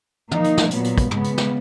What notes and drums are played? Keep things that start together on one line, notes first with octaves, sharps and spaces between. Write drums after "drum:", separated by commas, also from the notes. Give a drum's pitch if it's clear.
F3 A#3 D#4, drum: tom
drum: hi-hat
drum: snare
A#2 F#3 B3, drum: hi-hat
drum: hi-hat
drum: kick, hi-hat
C#3 G#3 B3, drum: tom
drum: hi-hat
drum: snare